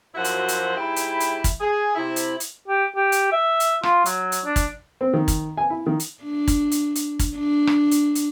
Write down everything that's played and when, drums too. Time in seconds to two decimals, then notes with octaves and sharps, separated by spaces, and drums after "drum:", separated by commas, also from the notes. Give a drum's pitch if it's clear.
0.15 F#2 F3 E4 F#4 C5
0.24 drum: hi-hat
0.48 drum: hi-hat
0.77 G#2 E4 G4 E5 B5
0.96 drum: hi-hat
1.20 drum: hi-hat
1.44 drum: kick, hi-hat
1.61 G#4
1.96 C3 E4
2.16 drum: hi-hat
2.40 drum: hi-hat
2.68 G4
2.96 G4
3.12 drum: hi-hat
3.32 E5
3.60 drum: hi-hat
3.83 F4, drum: rim click
4.06 F#3, drum: hi-hat
4.32 drum: hi-hat
4.45 D4
4.56 drum: kick, hi-hat
5.01 C4
5.13 D#3
5.28 drum: kick, hi-hat
5.58 G#5
5.70 E4
5.86 D#3
6.00 drum: hi-hat
6.24 D4
6.48 drum: kick, hi-hat
6.71 drum: hi-hat
6.95 drum: hi-hat
7.19 drum: kick, hi-hat
7.37 D4
7.67 drum: rim click
7.91 drum: hi-hat
8.15 drum: hi-hat